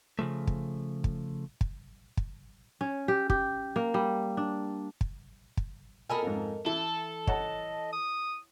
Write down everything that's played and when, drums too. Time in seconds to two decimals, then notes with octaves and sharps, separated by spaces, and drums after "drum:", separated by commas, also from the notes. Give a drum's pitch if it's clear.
0.19 C#3 E3 F3 A3
0.47 drum: kick
1.04 drum: kick
1.61 drum: kick
2.17 drum: kick
2.81 C#4
3.08 G4
3.30 G4, drum: kick
3.76 A#3
3.94 G3
4.37 D4
5.01 drum: kick
5.57 drum: kick
6.10 A4 A#4 D#5 G#5 A5 B5
6.22 F2 G#2
6.66 E3 E4 A4
7.27 C#5 D#5 F#5 A5, drum: kick
7.93 D#6